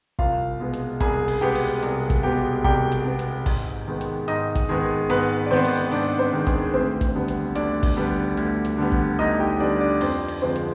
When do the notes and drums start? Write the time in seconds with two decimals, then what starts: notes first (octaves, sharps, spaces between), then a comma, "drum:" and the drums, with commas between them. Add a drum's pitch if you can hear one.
0.19 C2 F4 F5, drum: kick
0.60 B2 G#3 B3
0.73 drum: hi-hat
1.00 C2 G#4 G#5, drum: kick, hi-hat
1.28 drum: open hi-hat
1.41 B2 G#3 B3 G4 G5
1.55 drum: open hi-hat
1.82 C2, drum: hi-hat
2.10 drum: kick, hi-hat
2.23 B2 G#3 B3 G4 G5
2.64 C2 G4 G5, drum: kick
2.92 drum: hi-hat
3.05 B2 G#3 B3
3.19 drum: hi-hat
3.46 G#2, drum: kick, open hi-hat
3.87 D#3 G#3 B3
4.01 drum: hi-hat
4.28 G#2 D#4 D#5, drum: hi-hat
4.55 drum: kick, hi-hat
4.69 D#3 G#3 B3 G#4
5.10 G#2 B3 B4, drum: hi-hat
5.46 D5
5.51 D#3 G#3 B3 C4 C5
5.64 drum: open hi-hat
5.91 G#2 D4 D5, drum: open hi-hat
6.19 C4 C5
6.33 D#3 G#3 B3
6.47 G#3 G#4, drum: kick, hi-hat
6.74 D2 C4 C5
7.01 drum: kick, hi-hat
7.15 D3 G3 B3
7.28 drum: hi-hat
7.55 D2 D4 D5, drum: hi-hat
7.83 drum: kick, open hi-hat
7.96 D3 G3 B3
8.37 D2, drum: hi-hat
8.65 drum: hi-hat
8.78 D3 G3 B3
8.92 drum: kick
9.19 D2 D#4 D#5
9.39 G4 G5
9.60 D3 G3 B3 D4 D5
9.80 D4 D5
10.01 F2 C4 C5, drum: open hi-hat
10.28 drum: open hi-hat
10.42 D3 F3 G#3 C4 C5
10.56 drum: hi-hat